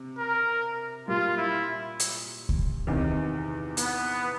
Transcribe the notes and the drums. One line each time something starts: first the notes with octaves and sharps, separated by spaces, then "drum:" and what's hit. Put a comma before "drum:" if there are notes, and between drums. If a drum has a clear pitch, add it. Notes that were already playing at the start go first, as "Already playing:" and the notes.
Already playing: C3
A#4
A#2 G3 A#3 F4
E4
drum: hi-hat
drum: kick C#2
E2 C3 D#3
B3, drum: hi-hat